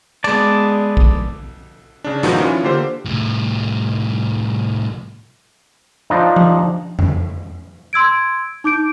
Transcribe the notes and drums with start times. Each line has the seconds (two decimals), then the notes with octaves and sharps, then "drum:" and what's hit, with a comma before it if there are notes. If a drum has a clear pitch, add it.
0.24 G#3 B3 D5 A5, drum: cymbal
0.97 drum: kick A#1
2.04 C#3 D4
2.23 G2 A#2 D#3 F3 D#4 F#4, drum: hi-hat
2.40 E3 C#4 F4
2.63 D3 A#3 F4 G4 C5
3.05 C2 A2
6.10 F3 D4 D#4
6.36 drum: tom F3
6.99 drum: tom F2
7.93 C6 E6 G#6 D7
8.64 D#4 D6 G6 D7